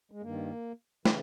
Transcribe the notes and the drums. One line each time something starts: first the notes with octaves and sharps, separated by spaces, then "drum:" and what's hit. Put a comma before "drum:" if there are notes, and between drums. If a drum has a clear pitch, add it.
G#3
G2 D#3 A#3
C#3 E3, drum: snare